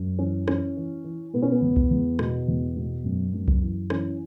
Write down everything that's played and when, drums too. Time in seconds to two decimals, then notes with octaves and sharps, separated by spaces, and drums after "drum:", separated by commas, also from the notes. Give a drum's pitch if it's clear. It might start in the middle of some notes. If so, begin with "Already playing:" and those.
Already playing: F#2
0.19 E3 C#4
0.48 E3 C#4, drum: rim click
0.77 E3
1.04 E3
1.33 B2 B3
1.42 C#4
1.52 B3
1.62 E2
1.76 drum: kick C2
1.91 E2
2.19 B2, drum: rim click
2.48 E2
2.76 B2
3.04 F#2
3.33 F#2
3.48 drum: kick C2
3.62 E3
3.90 E3 C#4, drum: rim click